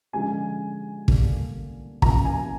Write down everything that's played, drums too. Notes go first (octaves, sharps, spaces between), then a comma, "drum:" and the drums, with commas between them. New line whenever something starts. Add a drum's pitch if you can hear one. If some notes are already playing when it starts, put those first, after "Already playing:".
D3 F3 G#3 C#4 G#5
D3 G3 A#3 D4, drum: kick
F3 A#3 C#4 A#5, drum: kick
G#5